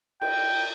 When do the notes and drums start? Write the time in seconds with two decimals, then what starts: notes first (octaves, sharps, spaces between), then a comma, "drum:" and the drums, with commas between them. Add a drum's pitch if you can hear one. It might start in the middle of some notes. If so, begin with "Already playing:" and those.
0.21 G5, drum: cymbal